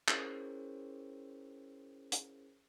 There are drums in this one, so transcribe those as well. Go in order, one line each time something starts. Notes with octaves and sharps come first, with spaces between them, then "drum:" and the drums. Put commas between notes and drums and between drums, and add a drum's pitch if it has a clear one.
C#4 E4 G#4 A#4 C5 C#5, drum: clap
drum: hi-hat